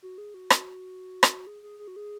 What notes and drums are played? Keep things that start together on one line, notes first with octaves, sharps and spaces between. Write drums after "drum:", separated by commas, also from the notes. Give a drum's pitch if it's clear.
F#4
G#4
F#4
drum: rim click
drum: rim click
G#4
G#4
G#4
F#4
G#4